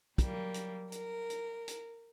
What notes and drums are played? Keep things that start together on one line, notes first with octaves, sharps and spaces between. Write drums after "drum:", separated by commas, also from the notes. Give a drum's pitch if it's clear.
F#3 G3 A#3, drum: kick, hi-hat
drum: hi-hat
A#4, drum: hi-hat
drum: hi-hat
drum: hi-hat